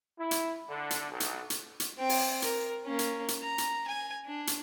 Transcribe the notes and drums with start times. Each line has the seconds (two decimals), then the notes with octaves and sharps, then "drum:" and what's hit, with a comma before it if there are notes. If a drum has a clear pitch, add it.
0.19 E4
0.31 drum: hi-hat
0.69 D3
0.90 drum: hi-hat
1.11 B1
1.20 drum: hi-hat
1.50 drum: hi-hat
1.80 drum: hi-hat
1.98 C4 G5
2.09 drum: open hi-hat
2.42 A#4, drum: hi-hat
2.85 A#3 C#4
2.99 drum: hi-hat
3.28 drum: hi-hat
3.41 A#5
3.58 drum: hi-hat
3.88 G#5
4.26 D4
4.47 drum: hi-hat